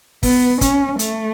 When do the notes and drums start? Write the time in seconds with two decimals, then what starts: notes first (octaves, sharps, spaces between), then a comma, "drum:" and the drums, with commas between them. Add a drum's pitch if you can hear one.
0.23 B3, drum: kick, open hi-hat
0.61 C#4, drum: kick, hi-hat
0.99 A3, drum: hi-hat